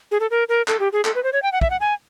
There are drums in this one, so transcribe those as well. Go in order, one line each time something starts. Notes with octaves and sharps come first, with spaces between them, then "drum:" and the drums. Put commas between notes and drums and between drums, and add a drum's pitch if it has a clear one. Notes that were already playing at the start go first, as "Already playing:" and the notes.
G#4
A4
A#4
A#4
A4, drum: clap
G4
G#4
A4, drum: clap
B4
C5
C#5
G5
F#5
E5, drum: kick
F#5
G#5